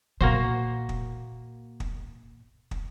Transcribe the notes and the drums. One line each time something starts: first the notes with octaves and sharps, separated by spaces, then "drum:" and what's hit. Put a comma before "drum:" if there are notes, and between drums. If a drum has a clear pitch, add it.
A#2 A#3 F#4 C5
drum: kick
drum: kick
drum: kick